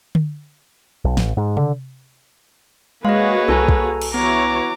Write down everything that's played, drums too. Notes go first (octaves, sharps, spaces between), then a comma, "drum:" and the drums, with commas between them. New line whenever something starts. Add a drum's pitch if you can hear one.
drum: tom D3
B1
A1, drum: snare
G#2
D3, drum: tom C3
G#3 A#3 F#4 G#4 B4 C#5 D#5 F5
C2 A4 G#5 A#5
drum: kick
drum: cymbal
E3 B3 F#4 C#5 A#5 D6